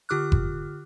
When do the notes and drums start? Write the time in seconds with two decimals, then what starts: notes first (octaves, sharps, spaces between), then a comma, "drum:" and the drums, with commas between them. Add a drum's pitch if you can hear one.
0.09 D3 F4 G4 D6 F6 F#6
0.32 drum: kick F#1